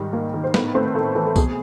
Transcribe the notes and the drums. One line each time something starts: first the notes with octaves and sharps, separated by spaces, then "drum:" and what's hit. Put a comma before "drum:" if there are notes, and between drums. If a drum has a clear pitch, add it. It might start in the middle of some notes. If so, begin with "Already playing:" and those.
Already playing: G#2 D#3 G3
A#3
D#3
C5
A2 B3 B4, drum: snare
A3 C4 C5
A2 A4
E3 A4
A4
B2 G#4, drum: kick C2, tambourine